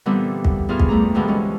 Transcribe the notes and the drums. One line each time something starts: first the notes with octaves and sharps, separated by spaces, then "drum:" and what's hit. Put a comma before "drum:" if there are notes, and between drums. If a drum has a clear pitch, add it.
A#2 D3 E3 G3 B3 C4
drum: kick
E2 A#2 F4 G#4 F6
drum: kick
G3 A3 D4 A#5
G2 B2 D3 E3 F3 G#3
G#3 C#4